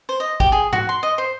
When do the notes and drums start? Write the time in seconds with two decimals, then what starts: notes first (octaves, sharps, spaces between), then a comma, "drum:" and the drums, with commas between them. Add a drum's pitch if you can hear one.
0.09 C5
0.20 D#5
0.40 G4, drum: kick
0.52 G#4
0.73 F#4, drum: tom G#2
0.89 C6
1.03 D#5
1.18 C5